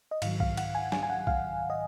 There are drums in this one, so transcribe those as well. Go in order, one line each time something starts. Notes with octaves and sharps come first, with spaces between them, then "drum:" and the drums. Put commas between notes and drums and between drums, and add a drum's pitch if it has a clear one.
D#5
G#2 D#3 F#3 F5, drum: cymbal
F5, drum: kick
F#5, drum: cymbal
G#5
G#5, drum: snare
G#5
F#5
F5, drum: kick
D#5